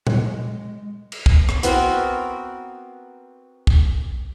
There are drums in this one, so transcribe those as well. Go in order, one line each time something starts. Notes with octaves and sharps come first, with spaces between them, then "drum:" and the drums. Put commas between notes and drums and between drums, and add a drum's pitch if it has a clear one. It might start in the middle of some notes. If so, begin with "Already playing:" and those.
G#3, drum: tom A#2
drum: cymbal
drum: kick
drum: rim click
B3 C4 F#4 A#4, drum: hi-hat
drum: kick